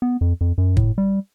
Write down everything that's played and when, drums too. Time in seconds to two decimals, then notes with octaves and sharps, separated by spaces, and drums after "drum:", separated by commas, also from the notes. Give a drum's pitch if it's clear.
0.02 B3
0.21 F2
0.41 F2
0.58 F#2
0.77 A2, drum: kick
0.98 G3